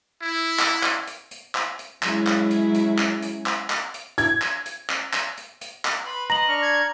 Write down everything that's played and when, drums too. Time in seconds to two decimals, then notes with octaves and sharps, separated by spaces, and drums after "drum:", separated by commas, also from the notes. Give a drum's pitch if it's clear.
0.22 E4
0.59 drum: clap
0.83 drum: clap
1.07 drum: hi-hat
1.31 drum: hi-hat
1.55 drum: clap
1.79 drum: hi-hat
2.03 F#3 G#3 C#4 E4 G#4, drum: clap
2.27 drum: clap
2.51 drum: hi-hat
2.75 drum: hi-hat
2.98 drum: clap
3.22 drum: hi-hat
3.46 drum: clap
3.70 drum: clap
3.94 drum: hi-hat
4.18 G#6, drum: hi-hat
4.42 drum: clap
4.66 drum: hi-hat
4.90 drum: clap
5.13 drum: clap
5.37 drum: hi-hat
5.61 drum: hi-hat
5.85 drum: clap
6.05 B4 B5 C6
6.30 D#5 A#5 A#6 F#7
6.48 D4 C#6 F6
6.62 G#6